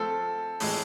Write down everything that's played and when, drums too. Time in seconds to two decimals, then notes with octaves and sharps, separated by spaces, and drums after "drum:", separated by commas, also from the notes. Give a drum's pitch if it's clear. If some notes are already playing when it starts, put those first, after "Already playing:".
Already playing: F3 A3 C4 F4 A4
0.60 A2 E3 G#3 G#4, drum: open hi-hat